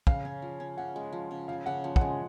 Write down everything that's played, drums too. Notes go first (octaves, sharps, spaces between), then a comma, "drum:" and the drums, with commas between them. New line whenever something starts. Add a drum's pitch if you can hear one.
C#3 F5, drum: kick
C#4
F3
C#4
C#3 F#5
G#3
F3
C#3
F3 F5
C#3 F#5
F3
F#5, drum: kick
G#3 G#5